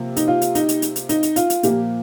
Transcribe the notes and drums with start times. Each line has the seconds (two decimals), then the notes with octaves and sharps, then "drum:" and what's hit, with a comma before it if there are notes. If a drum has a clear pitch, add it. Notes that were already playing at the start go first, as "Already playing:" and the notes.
Already playing: C3 F3 A#3
0.17 D#4, drum: hi-hat
0.28 F4
0.42 drum: hi-hat
0.55 D#4, drum: hi-hat
0.69 drum: hi-hat
0.82 drum: hi-hat
0.96 drum: hi-hat
1.09 D#4, drum: hi-hat
1.23 drum: hi-hat
1.36 F4, drum: hi-hat
1.50 drum: hi-hat
1.63 A#2 F3 A#3 G4, drum: hi-hat